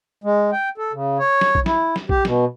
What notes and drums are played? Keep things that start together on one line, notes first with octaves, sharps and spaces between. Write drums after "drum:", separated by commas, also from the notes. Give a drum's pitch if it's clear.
G#3
G5
A4
C#3
C#5
drum: snare
drum: kick A#1
E4, drum: snare
drum: snare
G4, drum: kick A#1
B2, drum: snare